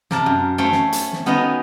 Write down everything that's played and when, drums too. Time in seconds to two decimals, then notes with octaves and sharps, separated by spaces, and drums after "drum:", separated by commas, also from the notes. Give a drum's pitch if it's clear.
0.11 C3 A#4 A5, drum: snare
0.26 F#2
0.58 A3 C#4 C5 G5
0.72 drum: snare
0.92 drum: hi-hat
1.13 drum: snare
1.26 D#3 B3 C#4 F#4 D#5 A#5